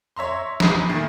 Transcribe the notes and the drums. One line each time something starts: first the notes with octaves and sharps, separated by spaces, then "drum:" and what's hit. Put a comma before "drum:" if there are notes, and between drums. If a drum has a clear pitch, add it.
C#5 E5 A#5 C6
A#5 B5 D#6 C7 D#7, drum: snare
A#2 D#3 A3